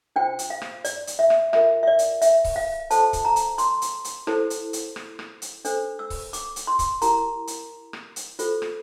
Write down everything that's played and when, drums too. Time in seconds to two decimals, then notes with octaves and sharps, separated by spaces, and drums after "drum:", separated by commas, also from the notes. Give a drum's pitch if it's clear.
0.16 D4 F4 C5 G5
0.39 drum: hi-hat
0.50 F5
0.62 drum: rim click
0.85 D5, drum: hi-hat
1.07 drum: hi-hat
1.19 E5
1.30 drum: rim click
1.53 F4 A#4 E5, drum: rim click
1.83 E5
1.87 D5
1.99 drum: hi-hat
2.22 E5, drum: hi-hat
2.44 drum: kick C#1, open hi-hat
2.56 F5
2.90 F4 A4 C5 A5, drum: hi-hat
3.13 drum: kick C#1, hi-hat
3.25 A#5
3.36 drum: hi-hat
3.58 C6, drum: hi-hat
3.82 drum: hi-hat
4.04 drum: hi-hat
4.27 E4 A4 C5, drum: rim click
4.50 drum: hi-hat
4.73 drum: hi-hat
4.96 drum: rim click
5.19 drum: rim click
5.42 drum: hi-hat
5.65 D4 A4 C5, drum: hi-hat
5.99 E6
6.10 drum: kick C#1, open hi-hat
6.33 D6, drum: hi-hat
6.56 drum: hi-hat
6.67 C6
6.79 drum: kick C#1, hi-hat
7.02 E4 G4 A#4 A#5, drum: hi-hat
7.47 drum: hi-hat
7.93 drum: rim click
8.16 drum: hi-hat
8.39 F4 A4 C5, drum: hi-hat
8.62 drum: rim click